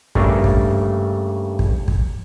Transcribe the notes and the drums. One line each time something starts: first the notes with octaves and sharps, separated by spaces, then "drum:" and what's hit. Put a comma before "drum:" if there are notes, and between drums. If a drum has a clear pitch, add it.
G2 C#3 A3 A#3 D4, drum: kick
drum: kick
drum: kick
drum: kick